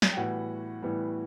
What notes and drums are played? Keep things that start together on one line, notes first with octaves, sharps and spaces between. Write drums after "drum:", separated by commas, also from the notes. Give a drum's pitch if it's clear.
drum: snare
G5
A2 E3 G3 B3 F#4 F#5
A2 E3 G3 B3